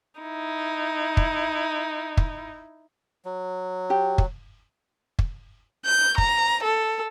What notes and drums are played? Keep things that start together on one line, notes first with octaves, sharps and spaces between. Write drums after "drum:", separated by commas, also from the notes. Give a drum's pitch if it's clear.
D#4 E4
drum: kick
drum: kick
F#3
G4
drum: kick
drum: kick
G6
A#5, drum: kick
A4